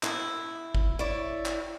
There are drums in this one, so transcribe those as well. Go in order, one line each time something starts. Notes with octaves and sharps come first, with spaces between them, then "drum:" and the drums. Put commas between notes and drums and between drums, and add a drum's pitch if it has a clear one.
E4, drum: clap
drum: kick G1
E4 C#5 D5
drum: clap